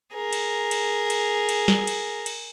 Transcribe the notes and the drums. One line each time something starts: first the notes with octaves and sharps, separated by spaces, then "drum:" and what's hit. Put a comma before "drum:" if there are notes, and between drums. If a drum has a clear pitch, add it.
G#4 A#4
drum: cymbal
drum: cymbal
drum: cymbal
drum: cymbal
drum: snare
drum: cymbal
drum: cymbal